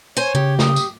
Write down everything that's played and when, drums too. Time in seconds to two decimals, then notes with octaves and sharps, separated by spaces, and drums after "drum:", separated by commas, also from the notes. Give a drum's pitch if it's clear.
0.17 C5 C#5 G#5
0.35 C#3 G4
0.59 D#6, drum: snare
0.76 drum: tambourine